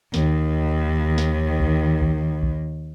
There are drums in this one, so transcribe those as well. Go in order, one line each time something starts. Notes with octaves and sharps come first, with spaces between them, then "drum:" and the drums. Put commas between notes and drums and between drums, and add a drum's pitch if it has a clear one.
D#2 D#3, drum: snare
drum: snare
drum: kick B1
drum: kick B1
drum: kick B1